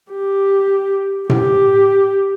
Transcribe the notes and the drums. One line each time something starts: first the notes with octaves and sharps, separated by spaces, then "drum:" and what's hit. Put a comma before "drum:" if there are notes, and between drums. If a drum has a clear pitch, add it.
G4
G4, drum: tom A2